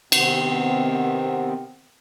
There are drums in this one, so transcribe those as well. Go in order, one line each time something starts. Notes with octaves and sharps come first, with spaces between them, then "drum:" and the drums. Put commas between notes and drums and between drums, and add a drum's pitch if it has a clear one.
C3 D#3 B3 C4, drum: cymbal